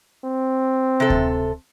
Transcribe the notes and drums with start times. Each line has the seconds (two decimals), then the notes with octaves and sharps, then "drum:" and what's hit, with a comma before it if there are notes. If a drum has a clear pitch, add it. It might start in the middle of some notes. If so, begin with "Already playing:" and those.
0.24 C4
1.00 C3 A4
1.10 drum: kick D2